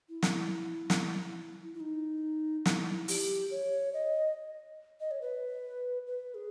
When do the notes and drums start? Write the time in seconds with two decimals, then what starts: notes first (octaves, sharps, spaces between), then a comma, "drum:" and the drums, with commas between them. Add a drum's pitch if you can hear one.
0.09 E4
0.23 drum: snare
0.90 drum: snare
1.75 E4
1.80 D#4
2.66 E4, drum: snare
3.08 G4, drum: open hi-hat
3.51 C#5
3.94 D#5
5.00 D#5
5.11 C#5
5.22 B4
6.07 B4
6.35 G#4